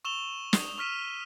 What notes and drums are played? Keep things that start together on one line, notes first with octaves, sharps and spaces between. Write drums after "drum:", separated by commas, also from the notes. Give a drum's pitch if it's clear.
C#6 E6 E7 F7 G7
D#6, drum: snare
C#6 F6 B6 D#7 E7